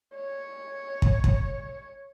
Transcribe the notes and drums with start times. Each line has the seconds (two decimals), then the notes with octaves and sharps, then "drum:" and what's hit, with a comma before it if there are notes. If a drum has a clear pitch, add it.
0.15 C#5
1.02 drum: kick
1.24 drum: kick